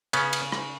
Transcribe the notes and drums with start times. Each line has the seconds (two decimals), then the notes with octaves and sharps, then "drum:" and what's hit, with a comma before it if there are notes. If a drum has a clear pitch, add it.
0.13 C#3 B3 C#4, drum: cymbal
0.33 drum: cymbal
0.52 drum: rim click